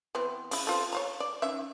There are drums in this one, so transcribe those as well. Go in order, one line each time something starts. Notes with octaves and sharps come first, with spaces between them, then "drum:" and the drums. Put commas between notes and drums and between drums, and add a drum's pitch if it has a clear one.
E3 B3 C4
C#3 E4, drum: open hi-hat
C4 F4 A4
C#5 F5 A#5
D5
D#3 C#4 E5